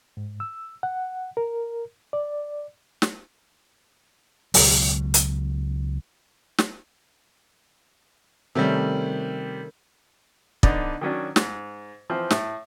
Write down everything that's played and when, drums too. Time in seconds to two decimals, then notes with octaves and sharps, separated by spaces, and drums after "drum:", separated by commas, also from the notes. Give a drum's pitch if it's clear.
0.17 G#2
0.40 E6
0.83 F#5
1.37 A#4
2.13 D5
3.02 drum: snare
4.54 C#2 B2 F#3, drum: open hi-hat
5.14 drum: hi-hat
6.58 drum: snare
8.55 C3 D#3 G3 A3 C#4
10.63 D3 B3 D4 D#4, drum: kick
11.01 D#3 F#3 C#4 D4
11.36 G#2, drum: snare
12.10 E3 F3 C4
12.31 A2, drum: snare